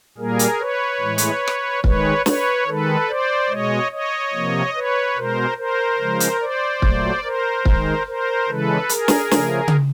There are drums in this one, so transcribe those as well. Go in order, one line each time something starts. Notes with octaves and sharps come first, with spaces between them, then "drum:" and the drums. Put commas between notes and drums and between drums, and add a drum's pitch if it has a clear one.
A#2 G3 A#3 G#4 A#4
drum: hi-hat
B4 C#5
A2 E3 G#3
drum: hi-hat
drum: rim click
D#3 G#3 B4 C#5, drum: kick
B4 C#5, drum: snare
D#3 G#3 A4 B4
C5 D5
B2 G#3 C#5 D#5
C#5 D#5
C3 F3 A#3
B4 C#5
B2 G#3 A#4 C5
A#4 C5
C#3 F3 G#3
drum: hi-hat
C5 D5
A#2 F#3 A3, drum: kick
A#4 C5
D#3 G#3, drum: kick
A#4 C5
C#3 E3 G#3 A4 B4
G#4 A#4, drum: hi-hat
drum: snare
C#3 F3 A3, drum: snare
drum: tom C#3